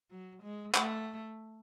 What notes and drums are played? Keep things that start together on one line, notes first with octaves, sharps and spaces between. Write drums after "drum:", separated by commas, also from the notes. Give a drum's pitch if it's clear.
F#3
G#3
A3, drum: clap